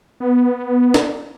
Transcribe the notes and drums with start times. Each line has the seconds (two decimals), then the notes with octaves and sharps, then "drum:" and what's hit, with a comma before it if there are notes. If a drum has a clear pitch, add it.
0.20 B3
0.94 drum: snare